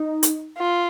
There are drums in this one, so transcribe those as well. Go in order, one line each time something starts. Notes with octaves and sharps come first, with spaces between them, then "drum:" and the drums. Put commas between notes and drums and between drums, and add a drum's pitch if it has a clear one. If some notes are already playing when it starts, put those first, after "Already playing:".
Already playing: D#4
drum: hi-hat
F4